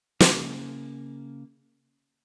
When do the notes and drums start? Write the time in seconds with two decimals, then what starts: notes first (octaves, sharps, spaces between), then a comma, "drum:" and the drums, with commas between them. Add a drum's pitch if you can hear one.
0.20 C#3 A#3, drum: snare